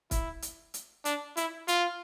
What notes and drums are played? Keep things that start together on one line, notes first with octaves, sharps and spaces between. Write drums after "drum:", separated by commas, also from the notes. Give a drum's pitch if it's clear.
E4, drum: kick, hi-hat
drum: hi-hat
drum: hi-hat
D4, drum: hi-hat
E4, drum: hi-hat
F4, drum: hi-hat